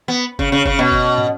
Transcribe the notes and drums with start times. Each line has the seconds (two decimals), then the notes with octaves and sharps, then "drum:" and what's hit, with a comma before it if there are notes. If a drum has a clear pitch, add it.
0.08 B3
0.39 C#3, drum: kick F#1
0.52 C#3
0.66 C#3, drum: kick F#1
0.79 B2
0.92 drum: kick F#1
1.18 drum: tom